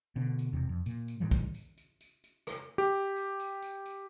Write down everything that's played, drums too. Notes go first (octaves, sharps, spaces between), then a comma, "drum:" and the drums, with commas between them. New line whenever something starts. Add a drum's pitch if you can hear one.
B2 D3
drum: tambourine
E1 E2 C3
F2
A#2, drum: tambourine
drum: tambourine
A2 D#3 E3 G3
drum: kick A#1, tambourine
drum: tambourine
drum: tambourine
drum: tambourine
drum: tambourine
drum: rim click
G4
drum: tambourine
drum: tambourine
drum: tambourine
drum: tambourine